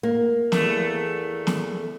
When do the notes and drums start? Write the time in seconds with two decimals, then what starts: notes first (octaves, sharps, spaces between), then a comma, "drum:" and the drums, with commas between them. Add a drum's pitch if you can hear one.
0.03 A#3
0.52 E2 A3, drum: snare
1.47 drum: snare